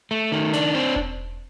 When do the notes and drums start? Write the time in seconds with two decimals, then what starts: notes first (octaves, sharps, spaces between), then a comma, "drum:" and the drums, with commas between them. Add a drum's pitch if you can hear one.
0.11 A3
0.32 D#3
0.53 D4, drum: snare
0.75 C4
0.96 drum: kick E1